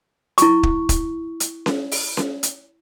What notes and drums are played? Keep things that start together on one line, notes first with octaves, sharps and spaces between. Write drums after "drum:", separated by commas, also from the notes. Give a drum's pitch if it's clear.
E4 C#6, drum: hi-hat
drum: kick
drum: kick, hi-hat
drum: hi-hat
drum: snare C#4
drum: open hi-hat
drum: snare C#4
drum: hi-hat